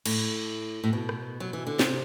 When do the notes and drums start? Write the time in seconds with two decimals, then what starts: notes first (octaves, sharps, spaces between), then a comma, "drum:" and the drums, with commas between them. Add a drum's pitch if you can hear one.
0.06 A2, drum: cymbal
0.84 A2
0.93 B2
1.09 drum: rim click
1.40 F#3
1.53 E3
1.67 D3
1.79 C3, drum: snare